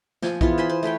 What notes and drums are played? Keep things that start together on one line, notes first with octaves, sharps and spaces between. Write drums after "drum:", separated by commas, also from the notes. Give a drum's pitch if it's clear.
F3 G#5, drum: snare
E3 B3 F4 G#4, drum: kick A#1
C5 G#5 B5 C6
C5
A3 B4 C#5 G5